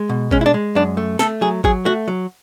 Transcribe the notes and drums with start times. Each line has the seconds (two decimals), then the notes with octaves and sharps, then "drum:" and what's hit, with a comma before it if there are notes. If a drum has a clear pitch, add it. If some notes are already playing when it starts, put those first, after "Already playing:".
Already playing: G#3
0.09 B2
0.31 G#3 C#4, drum: kick G#1
0.41 E4
0.46 D4
0.54 G#3
0.75 F#2 D4
0.97 A3
1.19 A3 A4, drum: snare
1.41 F#3 G#4
1.64 F#3 G#4, drum: kick G#1
1.85 A3 F#4
2.08 F#3